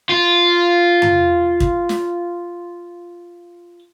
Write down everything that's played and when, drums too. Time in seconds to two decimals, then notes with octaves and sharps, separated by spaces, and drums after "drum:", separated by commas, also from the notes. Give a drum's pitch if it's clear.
0.09 F4
1.02 drum: tom F2
1.60 drum: kick
1.89 drum: snare